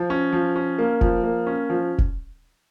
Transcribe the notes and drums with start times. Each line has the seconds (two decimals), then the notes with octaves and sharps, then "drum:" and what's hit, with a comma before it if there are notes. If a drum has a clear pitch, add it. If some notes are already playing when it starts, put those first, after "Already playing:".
Already playing: F3
0.10 C#4
0.33 F3
0.56 C#4
0.78 A#3
1.01 F3, drum: kick F1
1.24 A#3
1.47 C#4
1.70 F3
1.98 drum: kick F1